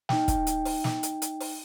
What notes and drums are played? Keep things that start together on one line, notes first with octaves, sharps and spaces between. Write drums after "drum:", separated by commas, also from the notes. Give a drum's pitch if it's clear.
D#4 G5, drum: snare
drum: kick, hi-hat
drum: hi-hat
drum: open hi-hat
drum: snare
drum: hi-hat
drum: hi-hat
drum: open hi-hat